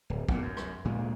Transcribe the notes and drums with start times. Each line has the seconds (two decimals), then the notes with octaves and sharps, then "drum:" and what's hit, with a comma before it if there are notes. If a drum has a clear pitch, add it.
0.10 D1
0.29 B1 A#2, drum: kick
0.42 F#2
0.57 drum: rim click
0.85 D2 A#2 G#3